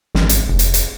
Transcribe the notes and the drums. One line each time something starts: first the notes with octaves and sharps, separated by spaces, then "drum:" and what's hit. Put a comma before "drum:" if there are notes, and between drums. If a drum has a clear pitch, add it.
G#1, drum: snare
drum: hi-hat
F1
drum: hi-hat
drum: hi-hat